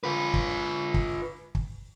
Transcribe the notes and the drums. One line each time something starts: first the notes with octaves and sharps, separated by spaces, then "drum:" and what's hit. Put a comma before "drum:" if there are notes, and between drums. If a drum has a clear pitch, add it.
F4 B4
drum: kick
drum: kick
drum: kick